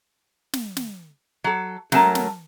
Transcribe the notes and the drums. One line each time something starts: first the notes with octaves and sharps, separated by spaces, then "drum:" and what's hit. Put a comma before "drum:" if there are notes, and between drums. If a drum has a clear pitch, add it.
drum: snare
drum: snare
F#3 A4
F#3 A3 C#4 A#4 A5, drum: snare
drum: snare